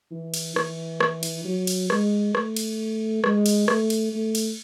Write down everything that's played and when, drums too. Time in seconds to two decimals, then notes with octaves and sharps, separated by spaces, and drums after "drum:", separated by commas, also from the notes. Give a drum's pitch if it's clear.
0.11 E3
0.34 drum: cymbal
0.56 E3, drum: rim click
1.00 drum: rim click
1.23 drum: cymbal
1.45 F#3
1.67 drum: cymbal
1.90 G#3, drum: rim click
2.35 A3, drum: rim click
2.57 drum: cymbal
3.24 G#3, drum: rim click
3.46 drum: cymbal
3.68 A3, drum: rim click
3.90 drum: cymbal
4.13 A3
4.35 drum: cymbal